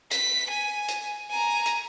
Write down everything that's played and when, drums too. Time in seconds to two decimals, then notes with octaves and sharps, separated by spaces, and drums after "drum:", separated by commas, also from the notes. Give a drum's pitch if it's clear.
0.11 B6, drum: hi-hat
0.50 G#5
0.88 drum: hi-hat
1.30 G#5 A#5
1.66 drum: hi-hat